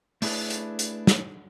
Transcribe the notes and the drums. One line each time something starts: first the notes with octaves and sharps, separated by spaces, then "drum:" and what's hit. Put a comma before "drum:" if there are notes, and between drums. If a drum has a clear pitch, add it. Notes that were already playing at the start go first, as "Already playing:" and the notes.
A3 D4 E4 G#4 B4 D5, drum: open hi-hat
drum: hi-hat
drum: hi-hat
drum: snare